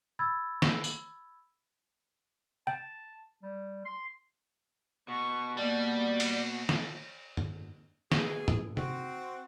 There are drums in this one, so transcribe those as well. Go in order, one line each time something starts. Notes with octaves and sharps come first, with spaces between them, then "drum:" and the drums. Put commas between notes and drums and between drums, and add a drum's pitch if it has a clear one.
B5 E6 G#6 A6
drum: snare
drum: tambourine
G5 A5
G3
C6
B2 C#6
G3 A#3 D5
drum: cymbal
drum: snare
drum: tom G2
B2 G#4, drum: snare
drum: tom
C4 F#4, drum: tom C3